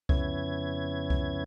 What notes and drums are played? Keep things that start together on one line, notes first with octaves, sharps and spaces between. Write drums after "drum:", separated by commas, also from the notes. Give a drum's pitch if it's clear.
F2 C#3 B3 C#4 E4 G#6, drum: kick C2
drum: kick C2